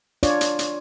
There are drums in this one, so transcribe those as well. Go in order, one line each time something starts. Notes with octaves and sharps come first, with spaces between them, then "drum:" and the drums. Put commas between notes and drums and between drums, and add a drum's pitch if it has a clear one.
D4 F4 C#5 D5, drum: hi-hat
drum: hi-hat
drum: hi-hat